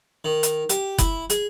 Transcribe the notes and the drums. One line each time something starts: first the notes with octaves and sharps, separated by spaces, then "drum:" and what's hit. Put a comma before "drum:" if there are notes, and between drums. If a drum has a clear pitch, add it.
D#3
drum: hi-hat
G4, drum: hi-hat
E4, drum: kick F#1, hi-hat
G#4, drum: hi-hat